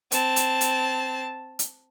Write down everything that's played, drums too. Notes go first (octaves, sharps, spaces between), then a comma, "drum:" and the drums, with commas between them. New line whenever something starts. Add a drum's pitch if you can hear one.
C4 A5, drum: hi-hat
drum: hi-hat
drum: hi-hat
drum: hi-hat